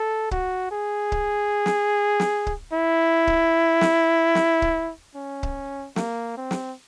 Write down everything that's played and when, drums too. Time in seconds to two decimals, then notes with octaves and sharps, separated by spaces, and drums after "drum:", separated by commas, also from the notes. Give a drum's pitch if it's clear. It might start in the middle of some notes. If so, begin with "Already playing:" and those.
Already playing: A4
0.31 F#4, drum: kick C#1
0.71 G#4
1.12 drum: kick C#1
1.66 drum: snare
2.20 drum: snare
2.47 drum: kick C#1
2.73 E4
3.27 drum: kick C#1
3.81 drum: snare
4.35 drum: snare
4.62 drum: kick C#1
5.15 C#4
5.43 drum: kick C#1
5.96 A#3, drum: snare
6.37 C4
6.51 drum: snare